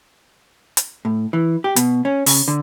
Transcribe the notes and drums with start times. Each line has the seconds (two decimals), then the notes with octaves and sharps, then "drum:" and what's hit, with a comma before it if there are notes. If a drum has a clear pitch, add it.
0.77 drum: hi-hat
1.05 A2
1.33 E3
1.64 G4
1.76 B2, drum: hi-hat
2.05 C#4
2.26 C#3, drum: open hi-hat
2.48 D3